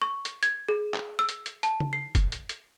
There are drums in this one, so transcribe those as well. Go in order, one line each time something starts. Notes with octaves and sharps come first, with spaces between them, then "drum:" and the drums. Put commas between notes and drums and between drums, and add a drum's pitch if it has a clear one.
C#6
drum: hi-hat
G#6, drum: hi-hat
G#4
drum: clap
E6
drum: hi-hat
drum: hi-hat
A5, drum: hi-hat
drum: tom C#3
C7
drum: kick, hi-hat
drum: hi-hat
drum: hi-hat